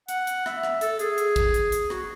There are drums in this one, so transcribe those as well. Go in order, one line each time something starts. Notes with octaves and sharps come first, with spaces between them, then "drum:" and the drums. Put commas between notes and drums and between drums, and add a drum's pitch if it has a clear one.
F#5, drum: hi-hat
drum: hi-hat
E5, drum: rim click
drum: rim click
A4, drum: hi-hat
G#4, drum: hi-hat
drum: hi-hat
drum: kick, hi-hat
drum: hi-hat
drum: hi-hat
F#4, drum: rim click